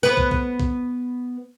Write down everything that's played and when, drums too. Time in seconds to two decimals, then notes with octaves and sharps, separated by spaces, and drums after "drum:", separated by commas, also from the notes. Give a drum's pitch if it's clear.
0.03 B3 B4
0.17 drum: kick
0.31 drum: kick
0.60 drum: kick